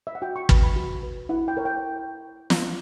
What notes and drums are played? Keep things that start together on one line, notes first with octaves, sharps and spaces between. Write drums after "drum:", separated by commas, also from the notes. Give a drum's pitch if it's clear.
E5
F#5
F#4 G5
C#6
B4 B5, drum: kick
B5
F#4
B4
E4 F#5
G5
A#4 C#5
G5
drum: snare